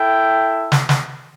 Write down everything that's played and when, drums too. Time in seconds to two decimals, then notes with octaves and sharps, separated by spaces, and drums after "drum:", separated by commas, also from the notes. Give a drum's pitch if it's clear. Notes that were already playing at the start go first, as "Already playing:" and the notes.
Already playing: E4 A4 E5 G5
0.72 drum: snare
0.89 drum: snare